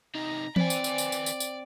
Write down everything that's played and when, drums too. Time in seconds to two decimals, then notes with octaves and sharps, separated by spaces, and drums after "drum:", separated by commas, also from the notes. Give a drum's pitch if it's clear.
0.15 C3 D#4 A#5
0.56 C4 B4 D5 G#5, drum: tom E3
0.70 drum: tambourine
0.84 drum: tambourine
0.98 drum: tambourine
1.12 drum: tambourine
1.26 drum: tambourine
1.40 drum: tambourine